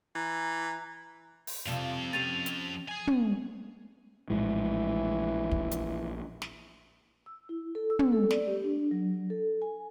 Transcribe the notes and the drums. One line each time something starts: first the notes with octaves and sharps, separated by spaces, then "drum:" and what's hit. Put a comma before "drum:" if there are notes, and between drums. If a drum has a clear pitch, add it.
E3 A#5
drum: open hi-hat
F2 C3 F3 G3 A4
C4 C#4 G4 A6 D#7 F7
drum: hi-hat
G#4 G#5
drum: tom
A#1 A2 E3 G#3
drum: kick
drum: hi-hat
drum: snare
E6
E4
A4
E6
drum: tom
A4
D5, drum: snare
G4
D4
F#3
A4
G#5